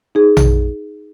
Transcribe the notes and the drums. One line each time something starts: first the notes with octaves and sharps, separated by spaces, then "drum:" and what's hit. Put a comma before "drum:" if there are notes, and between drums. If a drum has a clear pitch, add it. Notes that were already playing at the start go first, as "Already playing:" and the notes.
D#4 G#4
drum: tom A#1